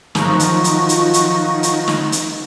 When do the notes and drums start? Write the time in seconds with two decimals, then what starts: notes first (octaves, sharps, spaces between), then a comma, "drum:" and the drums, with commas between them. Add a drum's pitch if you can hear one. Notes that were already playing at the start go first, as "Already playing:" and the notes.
0.15 D#3 F3 F#3 D#4 F#4 A#4 C#6, drum: snare
0.40 drum: hi-hat
0.64 drum: hi-hat
0.89 drum: hi-hat
1.14 drum: hi-hat
1.63 drum: hi-hat
1.88 drum: snare
2.12 drum: hi-hat